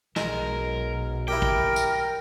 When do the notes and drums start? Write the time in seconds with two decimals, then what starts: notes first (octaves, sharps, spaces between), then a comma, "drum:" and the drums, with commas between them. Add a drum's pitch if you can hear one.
0.16 B1 F#3 G#3 A#4, drum: snare
1.28 E4 G4 A#4 G5
1.42 drum: kick
1.76 drum: tambourine